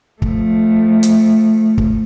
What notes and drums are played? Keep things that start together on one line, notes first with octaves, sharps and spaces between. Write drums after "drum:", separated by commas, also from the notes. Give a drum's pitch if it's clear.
F3 A3, drum: kick
drum: hi-hat
drum: kick